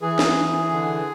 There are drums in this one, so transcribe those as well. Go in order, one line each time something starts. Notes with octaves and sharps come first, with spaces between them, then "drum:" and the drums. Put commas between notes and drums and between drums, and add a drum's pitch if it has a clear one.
E3 G#4
drum: snare
E3
D3